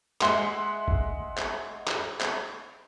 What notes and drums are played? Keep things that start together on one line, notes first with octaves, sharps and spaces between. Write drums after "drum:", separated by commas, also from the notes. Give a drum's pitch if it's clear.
G#3 E5 F#5 C6 C7 G7, drum: clap
drum: kick G1
drum: clap
drum: clap
drum: clap